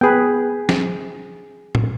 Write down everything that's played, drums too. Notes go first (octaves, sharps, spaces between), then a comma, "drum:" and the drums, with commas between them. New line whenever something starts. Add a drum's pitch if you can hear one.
B3 G#4 B4 G5
drum: snare
drum: tom